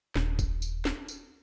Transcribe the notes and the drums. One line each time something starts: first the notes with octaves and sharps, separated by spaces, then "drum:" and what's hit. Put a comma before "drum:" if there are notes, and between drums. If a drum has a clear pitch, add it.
D#1, drum: snare
drum: kick G#1, tambourine
drum: tambourine
drum: snare
drum: tambourine